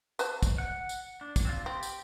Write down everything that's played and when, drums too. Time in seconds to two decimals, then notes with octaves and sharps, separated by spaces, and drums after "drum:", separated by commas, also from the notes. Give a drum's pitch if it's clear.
0.19 B4 C5 A5, drum: tambourine
0.43 drum: kick, tambourine
0.58 F#5
0.89 drum: tambourine
1.21 D4
1.36 drum: kick, tambourine
1.45 C4 D4 F4
1.66 C4 G4
1.83 drum: tambourine